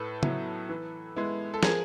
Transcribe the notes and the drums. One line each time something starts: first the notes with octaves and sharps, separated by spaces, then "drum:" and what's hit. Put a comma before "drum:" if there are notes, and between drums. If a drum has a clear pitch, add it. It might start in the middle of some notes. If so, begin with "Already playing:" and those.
Already playing: A2 A4 B4
F#3 B3 E4, drum: tom C#3
E3
G#3 B3 E4
A4
F3 G#4 A#4, drum: snare